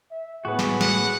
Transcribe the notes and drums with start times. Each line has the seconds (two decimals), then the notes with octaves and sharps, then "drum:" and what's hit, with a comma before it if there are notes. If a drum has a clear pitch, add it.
0.11 E5
0.45 A2 B3 F#4 G#4 B4
0.59 drum: snare
0.81 F#5, drum: snare